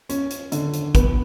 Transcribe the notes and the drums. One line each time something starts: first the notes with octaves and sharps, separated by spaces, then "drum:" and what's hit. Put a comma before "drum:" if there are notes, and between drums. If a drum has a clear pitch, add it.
C#4, drum: hi-hat
drum: hi-hat
D3, drum: hi-hat
drum: hi-hat
B3, drum: kick, hi-hat